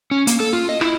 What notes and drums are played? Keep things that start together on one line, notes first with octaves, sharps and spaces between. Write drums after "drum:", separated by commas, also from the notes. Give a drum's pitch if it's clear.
C#4
A#3, drum: hi-hat
A4
F4
D#5
E4, drum: rim click